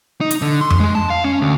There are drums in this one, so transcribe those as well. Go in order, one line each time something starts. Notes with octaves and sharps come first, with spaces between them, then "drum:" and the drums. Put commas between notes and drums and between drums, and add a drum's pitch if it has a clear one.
D#4
drum: hi-hat
D3
C6
drum: tom F2
G#3
A5
F5
C#4
D2